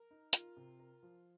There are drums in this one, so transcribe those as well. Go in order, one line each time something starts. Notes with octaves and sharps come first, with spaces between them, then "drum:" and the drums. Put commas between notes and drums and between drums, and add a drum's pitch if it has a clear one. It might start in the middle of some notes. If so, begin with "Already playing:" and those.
Already playing: A#4
D#4
F4 A#4, drum: hi-hat
C3
A#4
F3